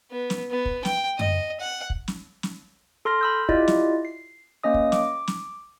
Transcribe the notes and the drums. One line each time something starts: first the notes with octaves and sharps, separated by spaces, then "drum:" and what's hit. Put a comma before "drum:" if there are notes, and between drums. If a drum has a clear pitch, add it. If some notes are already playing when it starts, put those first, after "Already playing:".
B3
drum: snare
B3
drum: kick
G5, drum: snare
D#5, drum: tom F#2
F#5
drum: kick
drum: snare
drum: snare
A4 C6 F6 A#6
B5 E6 G6
E4 F4 G4 D5 D#5, drum: kick
drum: snare
C7
A#3 C#4 D#5 D#6
drum: kick
D6, drum: snare
drum: snare